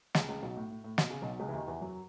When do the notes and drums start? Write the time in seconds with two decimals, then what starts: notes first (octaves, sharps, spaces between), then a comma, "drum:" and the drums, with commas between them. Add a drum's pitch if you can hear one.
0.15 C#2 C#3, drum: snare
0.28 C#2 C#3
0.43 B1 B2
0.57 A2
0.70 A2
0.84 A2
0.98 B2, drum: snare
1.11 C#3
1.22 B1 B2
1.39 C#2 C#3
1.48 E3
1.53 D#2 D#3
1.67 E2 E3
1.81 F#2 F#3